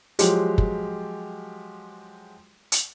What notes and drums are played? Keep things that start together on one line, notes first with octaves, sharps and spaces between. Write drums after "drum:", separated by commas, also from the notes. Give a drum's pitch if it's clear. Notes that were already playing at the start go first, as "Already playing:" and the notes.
F3 F#3 G#3 G4, drum: hi-hat
drum: kick
drum: hi-hat